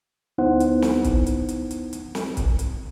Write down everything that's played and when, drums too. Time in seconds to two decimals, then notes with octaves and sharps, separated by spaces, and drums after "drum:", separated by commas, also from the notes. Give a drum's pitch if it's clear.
0.38 D2 B3 D#4 E4 C5 F#5
0.60 drum: hi-hat
0.82 drum: snare
1.04 drum: kick, hi-hat
1.26 drum: hi-hat
1.49 drum: hi-hat
1.71 drum: hi-hat
1.93 drum: hi-hat
2.15 drum: snare
2.37 drum: kick, hi-hat
2.59 drum: hi-hat